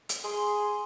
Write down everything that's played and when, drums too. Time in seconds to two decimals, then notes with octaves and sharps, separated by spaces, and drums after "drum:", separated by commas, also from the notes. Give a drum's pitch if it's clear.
0.09 drum: hi-hat
0.24 G#4 C6